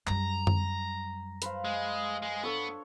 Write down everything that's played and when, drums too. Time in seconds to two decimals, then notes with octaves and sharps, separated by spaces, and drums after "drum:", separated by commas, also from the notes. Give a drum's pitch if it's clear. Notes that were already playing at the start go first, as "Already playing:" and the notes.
0.07 F#2 G3 A#5, drum: clap
0.47 drum: tom F#2
1.42 B4 C5 F5, drum: hi-hat
1.65 G#3
2.22 G#3
2.43 B3 D4 A4 C#5